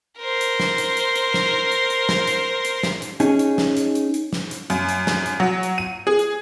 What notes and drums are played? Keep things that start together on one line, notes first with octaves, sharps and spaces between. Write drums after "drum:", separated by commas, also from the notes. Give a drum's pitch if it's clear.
A#4 C5
drum: hi-hat
drum: snare
drum: hi-hat
drum: hi-hat
drum: hi-hat
drum: snare
drum: hi-hat
drum: hi-hat
drum: snare
drum: hi-hat
drum: hi-hat
drum: snare
drum: hi-hat
C#4 D#4 G#4, drum: hi-hat
drum: hi-hat
drum: snare
drum: hi-hat
drum: hi-hat
drum: hi-hat
drum: snare
drum: hi-hat
F#2, drum: hi-hat
drum: hi-hat
drum: snare
drum: hi-hat
F#3
drum: hi-hat
D#7
G#4
drum: hi-hat